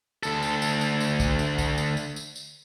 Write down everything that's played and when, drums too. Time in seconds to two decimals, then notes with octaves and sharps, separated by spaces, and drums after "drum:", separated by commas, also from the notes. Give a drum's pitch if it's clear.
0.23 D2 A4, drum: tambourine
0.42 drum: tambourine
0.62 drum: tambourine
0.81 drum: tambourine
1.00 drum: tambourine
1.20 drum: kick, tambourine
1.39 drum: tambourine
1.58 drum: kick, tambourine
1.78 drum: tambourine
1.97 drum: tambourine
2.16 drum: tambourine
2.36 drum: tambourine